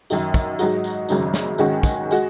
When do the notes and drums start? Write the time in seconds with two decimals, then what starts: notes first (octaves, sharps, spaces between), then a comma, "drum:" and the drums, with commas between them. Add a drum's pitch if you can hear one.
0.10 F#2 D#3 F#3 D#4 F#4, drum: tambourine
0.34 drum: kick, tambourine
0.59 G#2 F#3 D#4 F#4, drum: tambourine
0.84 drum: tambourine
1.09 G#1 F#2 C#3 F#3 D#4, drum: tambourine
1.34 drum: snare
1.58 G#2 D#3 G#3 C#4 F#4, drum: tambourine
1.83 drum: kick, tambourine
2.11 G#3 F#4, drum: tambourine